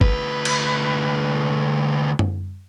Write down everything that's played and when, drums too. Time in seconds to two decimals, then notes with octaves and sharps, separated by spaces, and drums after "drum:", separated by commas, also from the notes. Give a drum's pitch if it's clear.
0.01 D2 B4, drum: kick
0.45 drum: cymbal
2.19 drum: tom F#2